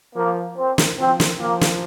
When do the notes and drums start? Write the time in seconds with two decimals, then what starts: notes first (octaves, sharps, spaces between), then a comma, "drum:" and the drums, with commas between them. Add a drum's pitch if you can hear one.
0.15 F3 A#3
0.57 C4
0.78 drum: snare
0.99 F3 C4
1.20 drum: snare
1.40 F3 A#3
1.61 drum: snare